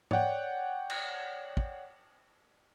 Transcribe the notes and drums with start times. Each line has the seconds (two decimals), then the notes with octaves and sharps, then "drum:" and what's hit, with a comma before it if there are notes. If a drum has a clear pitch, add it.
0.11 C#5 D5 F#5 G5, drum: tom G#2
0.90 drum: cymbal
1.57 drum: kick